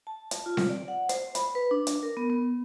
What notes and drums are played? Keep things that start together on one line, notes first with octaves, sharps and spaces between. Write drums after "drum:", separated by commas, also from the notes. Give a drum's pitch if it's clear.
A5
drum: hi-hat
F4
drum: snare C4
D5
F#5
C5, drum: hi-hat
B5, drum: hi-hat
B4
D4
drum: hi-hat
A#4
B3
B3